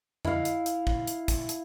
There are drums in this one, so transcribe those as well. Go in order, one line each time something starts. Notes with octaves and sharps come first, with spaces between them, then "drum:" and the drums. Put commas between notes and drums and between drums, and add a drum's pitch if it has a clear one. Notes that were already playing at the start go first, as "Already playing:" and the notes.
E4 F5, drum: tom F2
drum: hi-hat
drum: hi-hat
drum: kick
drum: hi-hat
drum: kick, hi-hat
drum: hi-hat